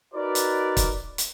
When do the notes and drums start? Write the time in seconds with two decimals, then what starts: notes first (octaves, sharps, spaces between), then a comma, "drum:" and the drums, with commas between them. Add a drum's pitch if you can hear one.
0.14 D#4 F#4 A#4 B4 D5
0.35 drum: hi-hat
0.77 drum: kick, hi-hat
1.18 drum: hi-hat